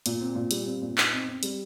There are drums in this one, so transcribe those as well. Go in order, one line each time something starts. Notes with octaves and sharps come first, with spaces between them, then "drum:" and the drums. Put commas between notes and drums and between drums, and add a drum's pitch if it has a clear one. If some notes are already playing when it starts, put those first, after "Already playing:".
A#2, drum: hi-hat
C4
A#2
G3, drum: hi-hat
C4
A#2
D#4, drum: clap
C4
C4
G3, drum: hi-hat